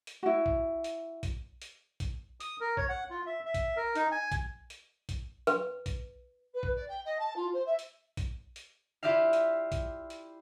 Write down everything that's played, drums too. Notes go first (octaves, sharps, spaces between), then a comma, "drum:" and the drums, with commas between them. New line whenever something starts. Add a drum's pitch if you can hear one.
drum: hi-hat
E4 F#4
drum: kick A#1
drum: hi-hat
drum: kick A#1, hi-hat
drum: hi-hat
drum: kick A#1, hi-hat
D#6, drum: hi-hat
A#4
C#5, drum: kick A#1
F#5
F4
E5
E5
drum: kick A#1, hi-hat
A#4
D#4, drum: hi-hat
G#5
drum: kick A#1, hi-hat
drum: hi-hat
drum: kick A#1, hi-hat
B4, drum: hi-hat
drum: kick A#1, hi-hat
B4
drum: kick A#1
D5
G5
D#5
A5
F4
C5
E5
drum: hi-hat
drum: kick A#1, hi-hat
drum: hi-hat
E4 F4 G4 D5 E5 F5
drum: hi-hat
drum: kick A#1, hi-hat
drum: hi-hat